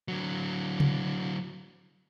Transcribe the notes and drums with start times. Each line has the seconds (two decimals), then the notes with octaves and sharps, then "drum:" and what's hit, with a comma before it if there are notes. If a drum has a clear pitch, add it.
0.08 D3 F#3
0.80 drum: tom C3